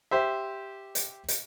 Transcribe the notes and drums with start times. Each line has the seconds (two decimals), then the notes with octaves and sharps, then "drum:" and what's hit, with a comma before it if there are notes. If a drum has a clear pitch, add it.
0.11 G4 C5 E5
0.95 drum: hi-hat
1.28 drum: hi-hat